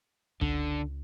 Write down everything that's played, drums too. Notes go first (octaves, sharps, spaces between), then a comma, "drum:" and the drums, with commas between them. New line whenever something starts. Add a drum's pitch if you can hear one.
C#2 D3, drum: kick